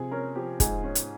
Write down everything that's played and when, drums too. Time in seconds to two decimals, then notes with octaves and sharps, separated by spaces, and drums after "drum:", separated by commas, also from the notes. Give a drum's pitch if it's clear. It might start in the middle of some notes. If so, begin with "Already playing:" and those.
Already playing: C3 F3 G#4
0.11 C#4 A#4
0.35 F3 G4
0.60 G#2 G#4, drum: kick, hi-hat
0.84 C#4
0.95 drum: hi-hat